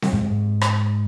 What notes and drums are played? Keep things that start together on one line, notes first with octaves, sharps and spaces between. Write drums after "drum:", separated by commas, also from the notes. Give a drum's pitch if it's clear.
drum: snare C4
G#2
drum: rim click